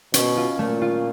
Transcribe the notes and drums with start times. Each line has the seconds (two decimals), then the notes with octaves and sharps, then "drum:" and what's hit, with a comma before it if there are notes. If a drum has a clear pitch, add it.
0.14 B2 C#4, drum: hi-hat
0.37 F4
0.59 A#2 A3
0.81 F4